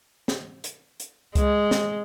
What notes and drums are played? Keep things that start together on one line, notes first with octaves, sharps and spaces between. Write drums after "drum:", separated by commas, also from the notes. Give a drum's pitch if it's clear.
drum: snare
drum: hi-hat
drum: hi-hat
G#3, drum: kick C2, hi-hat
drum: snare